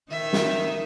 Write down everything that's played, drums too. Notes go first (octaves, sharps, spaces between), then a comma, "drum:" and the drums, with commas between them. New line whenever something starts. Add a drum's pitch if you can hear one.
D#3 D#4 E5
drum: snare